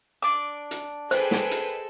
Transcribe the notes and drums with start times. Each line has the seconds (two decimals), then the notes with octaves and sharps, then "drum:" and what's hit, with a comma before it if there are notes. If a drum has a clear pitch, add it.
0.22 D4 D6
0.71 drum: hi-hat
1.11 G#3 G#4 A4 B4 C5 G5, drum: hi-hat
1.31 drum: snare
1.51 drum: hi-hat